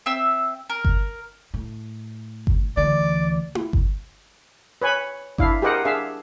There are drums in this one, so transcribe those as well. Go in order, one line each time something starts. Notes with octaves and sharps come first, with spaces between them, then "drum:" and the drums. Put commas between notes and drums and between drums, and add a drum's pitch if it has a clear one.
C4 E5 E6
A#4
drum: kick G1
A2
drum: kick G1
D2 E3 D5
drum: tom E4
drum: kick G1
B4 C#5 G#5 B5
D4 E4 F5, drum: kick G1
G4 G#4 A#4 C5 D#5 F#5
D4 G#4 E5 F5